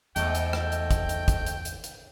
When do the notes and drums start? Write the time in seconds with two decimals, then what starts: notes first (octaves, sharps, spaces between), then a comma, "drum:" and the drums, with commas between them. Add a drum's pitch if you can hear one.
0.16 E2 G#2 A3 D#5 G5, drum: hi-hat
0.35 drum: hi-hat
0.53 drum: rim click
0.72 drum: hi-hat
0.91 drum: kick, hi-hat
1.09 drum: hi-hat
1.28 drum: kick, hi-hat
1.46 drum: hi-hat
1.65 drum: hi-hat
1.84 drum: hi-hat